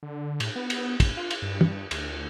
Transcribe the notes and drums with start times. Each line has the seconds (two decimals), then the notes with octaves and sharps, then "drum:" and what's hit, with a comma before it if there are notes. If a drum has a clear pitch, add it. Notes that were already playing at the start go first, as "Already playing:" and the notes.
0.03 D3
0.40 A2, drum: cymbal
0.56 B3
0.70 drum: cymbal
1.00 F#1, drum: kick, cymbal
1.17 F4
1.31 drum: cymbal
1.42 G2
1.61 drum: tom
1.91 D2, drum: cymbal